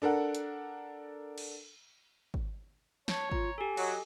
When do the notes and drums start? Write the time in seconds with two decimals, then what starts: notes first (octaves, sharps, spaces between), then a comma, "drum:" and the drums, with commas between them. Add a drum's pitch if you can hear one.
0.02 D4 A4 A#4 F#5
0.35 drum: hi-hat
1.38 drum: cymbal
2.34 drum: kick G#1
3.08 C#5 A5, drum: snare
3.32 F4 A#5, drum: kick G#1
3.58 G4 A4 G#5
3.77 F#3 D#5, drum: cymbal